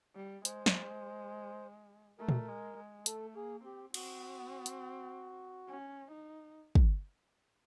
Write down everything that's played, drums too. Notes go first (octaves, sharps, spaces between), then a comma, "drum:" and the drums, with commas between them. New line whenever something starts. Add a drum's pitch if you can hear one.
G3
G#3 C5, drum: hi-hat
drum: snare
A3 A#4
drum: tom A#2
G#3
G#3
A3 A4, drum: hi-hat
A#3 G#4
C4 G4
C4 F#4, drum: cymbal
drum: hi-hat
C#4
D#4
drum: kick